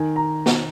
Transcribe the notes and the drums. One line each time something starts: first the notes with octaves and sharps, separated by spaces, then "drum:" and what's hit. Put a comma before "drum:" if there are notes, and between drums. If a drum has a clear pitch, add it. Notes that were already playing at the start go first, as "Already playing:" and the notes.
Already playing: D#3 G#5
A#5
drum: snare